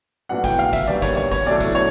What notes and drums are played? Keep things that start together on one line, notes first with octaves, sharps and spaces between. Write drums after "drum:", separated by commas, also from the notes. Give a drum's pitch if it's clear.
A#1 A2 F#3 B3 D4 F#5
G5, drum: kick G#1, hi-hat
F5
E5, drum: kick G#1, hi-hat
D#2 D#3 G3 B3 D4 D5
C#5, drum: kick G#1, hi-hat
C#5
C#5, drum: kick G#1, hi-hat
B1 A2 F#3 A3 D4 D5
drum: kick G#1, hi-hat
C#5